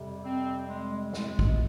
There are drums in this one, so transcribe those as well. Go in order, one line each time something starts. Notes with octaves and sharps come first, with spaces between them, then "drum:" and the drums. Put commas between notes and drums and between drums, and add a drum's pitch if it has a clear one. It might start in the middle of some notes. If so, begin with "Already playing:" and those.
Already playing: F2 C3 G3
C4
G#3
G#3, drum: snare
drum: kick